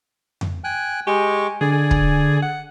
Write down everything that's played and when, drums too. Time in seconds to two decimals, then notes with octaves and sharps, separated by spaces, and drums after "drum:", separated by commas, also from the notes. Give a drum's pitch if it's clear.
0.41 drum: tom F2
0.64 G5 G#5 F#6
1.07 G#3 G4 G#5 C#6
1.61 D3 G#4 D5 G#5
1.72 G#4
1.91 drum: kick
2.42 F#5